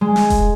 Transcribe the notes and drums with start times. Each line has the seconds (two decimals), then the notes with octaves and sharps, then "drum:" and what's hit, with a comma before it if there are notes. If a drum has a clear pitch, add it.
0.01 G#3
0.16 drum: snare
0.30 drum: kick E1, hi-hat